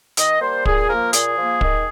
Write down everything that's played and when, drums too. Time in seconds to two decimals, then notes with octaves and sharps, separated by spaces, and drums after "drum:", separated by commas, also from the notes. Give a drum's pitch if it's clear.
0.17 D#3 D#5, drum: hi-hat
0.41 G3 A#3 C5
0.65 A#2 G#4, drum: kick
0.89 F3 A#3 A#4
1.13 A#2 G#4, drum: hi-hat
1.37 F3 A#3
1.61 D#3, drum: kick